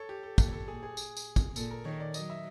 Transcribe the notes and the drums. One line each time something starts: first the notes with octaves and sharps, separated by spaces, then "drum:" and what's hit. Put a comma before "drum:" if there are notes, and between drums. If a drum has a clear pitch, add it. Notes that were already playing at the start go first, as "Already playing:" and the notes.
Already playing: A4 C#5
G4
A4
A#2 A4, drum: kick, tambourine
A4
G#4
G#4
drum: tambourine
drum: tambourine
drum: kick, tambourine
A#2 A4, drum: tambourine
A#4
D#3 C#5
D5
F#3 D#5, drum: tambourine
E5